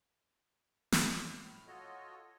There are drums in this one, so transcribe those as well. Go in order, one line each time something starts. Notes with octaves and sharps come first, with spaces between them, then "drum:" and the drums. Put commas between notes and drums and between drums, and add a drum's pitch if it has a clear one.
E2, drum: snare
A2 F6
F4 F#4 A4 C#5 D#5